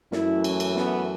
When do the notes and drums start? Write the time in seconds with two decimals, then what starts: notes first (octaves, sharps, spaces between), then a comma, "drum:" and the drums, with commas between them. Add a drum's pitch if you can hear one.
0.12 F#2 E3 A3 E4, drum: snare
0.44 C#4, drum: cymbal
0.60 drum: cymbal
0.77 B3, drum: snare